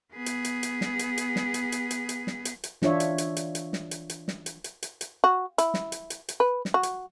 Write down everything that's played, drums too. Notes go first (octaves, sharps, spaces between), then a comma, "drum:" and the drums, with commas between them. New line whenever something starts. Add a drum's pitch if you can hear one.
B3 G#4
drum: hi-hat
drum: hi-hat
drum: hi-hat
drum: snare
drum: hi-hat
drum: hi-hat
drum: snare
drum: hi-hat
drum: hi-hat
drum: hi-hat
drum: hi-hat
drum: snare
drum: hi-hat
drum: hi-hat
E3 D4 F4 C#5 E5, drum: snare
drum: hi-hat
drum: hi-hat
drum: hi-hat
drum: hi-hat
drum: snare
drum: hi-hat
drum: hi-hat
drum: snare
drum: hi-hat
drum: hi-hat
drum: hi-hat
drum: hi-hat
F#4
E4, drum: hi-hat
drum: snare
drum: hi-hat
drum: hi-hat
drum: hi-hat
B4
drum: snare
F#4
drum: hi-hat